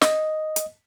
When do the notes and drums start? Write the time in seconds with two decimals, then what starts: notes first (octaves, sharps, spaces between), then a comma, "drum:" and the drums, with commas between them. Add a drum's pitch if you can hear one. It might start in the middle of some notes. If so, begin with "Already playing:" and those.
0.02 D#5, drum: snare
0.56 drum: hi-hat